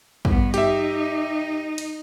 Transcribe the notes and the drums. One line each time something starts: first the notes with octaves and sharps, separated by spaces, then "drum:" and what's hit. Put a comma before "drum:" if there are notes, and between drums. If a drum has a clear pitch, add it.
G2 B3, drum: kick
D#4 G4 E5, drum: hi-hat
drum: cymbal